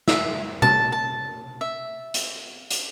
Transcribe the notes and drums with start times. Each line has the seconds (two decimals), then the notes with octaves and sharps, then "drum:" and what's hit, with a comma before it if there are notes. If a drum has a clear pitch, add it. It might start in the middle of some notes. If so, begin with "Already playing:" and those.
0.08 E5, drum: snare
0.62 A5, drum: tom B2
0.92 A5
1.61 E5
2.14 drum: hi-hat
2.71 drum: hi-hat